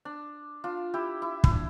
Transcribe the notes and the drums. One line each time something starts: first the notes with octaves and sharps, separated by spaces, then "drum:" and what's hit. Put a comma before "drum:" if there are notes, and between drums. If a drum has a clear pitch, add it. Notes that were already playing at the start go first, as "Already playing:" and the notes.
D4
D4 F4
E4 G4
E4
E4, drum: kick
D4